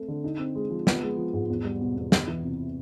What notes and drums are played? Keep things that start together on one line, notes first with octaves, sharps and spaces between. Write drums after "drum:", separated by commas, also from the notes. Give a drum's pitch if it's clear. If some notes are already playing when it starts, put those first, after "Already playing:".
Already playing: A3 C4
D3
D#4
C4
G#3
F3
B3, drum: snare
G#3
F3
G#2
E2
G3
B2
E2
E2, drum: snare
E3
C3